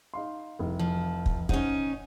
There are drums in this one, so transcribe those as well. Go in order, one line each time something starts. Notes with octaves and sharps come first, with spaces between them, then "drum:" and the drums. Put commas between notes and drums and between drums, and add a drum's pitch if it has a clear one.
D#4 F5 C6
F1 C2
F3
drum: kick
C#4 D#4 C5 F#5, drum: kick